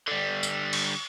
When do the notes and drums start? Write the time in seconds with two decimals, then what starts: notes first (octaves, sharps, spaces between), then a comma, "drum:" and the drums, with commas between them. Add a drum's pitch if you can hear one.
0.08 D3 G3
0.43 drum: tambourine
0.73 drum: cymbal